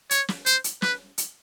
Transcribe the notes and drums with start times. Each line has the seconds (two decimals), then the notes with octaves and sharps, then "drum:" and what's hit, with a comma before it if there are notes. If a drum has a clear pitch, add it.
0.11 C#5, drum: hi-hat
0.28 drum: snare
0.46 C5, drum: hi-hat
0.64 drum: hi-hat
0.82 B4, drum: snare
1.18 drum: hi-hat